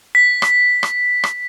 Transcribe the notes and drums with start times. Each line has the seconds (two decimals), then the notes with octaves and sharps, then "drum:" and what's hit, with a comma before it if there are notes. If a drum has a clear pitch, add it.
0.15 B6
0.42 drum: rim click
0.83 drum: rim click
1.24 drum: rim click